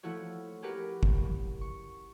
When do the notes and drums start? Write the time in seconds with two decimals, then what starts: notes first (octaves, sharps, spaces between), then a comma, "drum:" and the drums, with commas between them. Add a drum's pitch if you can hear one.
0.03 F3 A3 E4 F#4 C#5
0.62 C#4 F#4 G4 A#4 B4
1.03 drum: kick
1.61 C#6